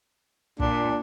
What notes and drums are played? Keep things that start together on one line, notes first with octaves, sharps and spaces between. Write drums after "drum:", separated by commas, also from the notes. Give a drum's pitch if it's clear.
A#2 D4, drum: kick